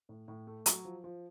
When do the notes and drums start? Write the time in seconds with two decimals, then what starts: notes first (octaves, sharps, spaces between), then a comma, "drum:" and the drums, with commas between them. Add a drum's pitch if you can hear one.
0.09 A2
0.28 A2
0.47 A3
0.66 F#3, drum: hi-hat
0.85 F3
1.04 F3